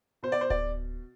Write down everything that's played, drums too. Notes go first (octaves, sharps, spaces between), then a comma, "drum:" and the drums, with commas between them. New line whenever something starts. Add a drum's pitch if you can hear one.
B2 C5
D5
C5
D5, drum: kick D1